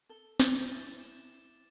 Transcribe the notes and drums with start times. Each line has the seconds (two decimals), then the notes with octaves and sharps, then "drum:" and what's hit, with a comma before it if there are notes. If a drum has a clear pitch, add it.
0.09 A4 G7
0.40 F4 D6, drum: snare
0.70 E4 A6
1.00 E7